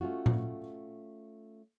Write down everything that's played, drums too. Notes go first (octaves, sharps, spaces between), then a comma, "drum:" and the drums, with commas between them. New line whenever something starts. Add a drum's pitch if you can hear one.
A3 C#4 F4 F#4
drum: tom A#2